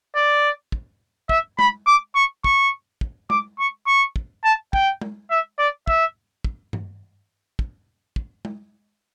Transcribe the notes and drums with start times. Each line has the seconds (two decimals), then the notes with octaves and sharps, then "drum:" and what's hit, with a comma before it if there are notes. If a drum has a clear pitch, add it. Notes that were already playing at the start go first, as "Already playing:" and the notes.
0.15 D5
0.72 drum: kick
1.29 E5, drum: kick
1.59 B5, drum: tom G#3
1.87 D6
2.15 C#6
2.44 C#6, drum: kick
3.01 drum: kick
3.30 D6, drum: tom G#3
3.59 C#6
3.87 C#6
4.16 drum: kick
4.44 A5
4.73 G5, drum: kick
5.01 drum: tom G#3
5.31 E5
5.59 D5
5.87 E5, drum: kick
6.45 drum: kick
6.73 drum: tom G2
7.59 drum: kick
8.16 drum: kick
8.45 drum: tom G#3